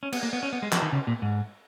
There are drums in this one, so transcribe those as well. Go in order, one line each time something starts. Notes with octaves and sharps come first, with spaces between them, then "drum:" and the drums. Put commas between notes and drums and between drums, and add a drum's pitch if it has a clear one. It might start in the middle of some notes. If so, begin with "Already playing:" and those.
C#4
B3, drum: cymbal
A#3
B3
C#4
B3
G#3
F3, drum: clap
D#3
C#3
A#2
G#2